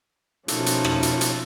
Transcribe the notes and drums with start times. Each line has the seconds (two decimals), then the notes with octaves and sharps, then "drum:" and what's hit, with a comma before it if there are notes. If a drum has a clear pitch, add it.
0.48 B2 F3 A3 A#3 C#4 D#4 A4, drum: hi-hat
0.66 drum: hi-hat
0.84 drum: rim click
1.03 drum: hi-hat
1.21 drum: hi-hat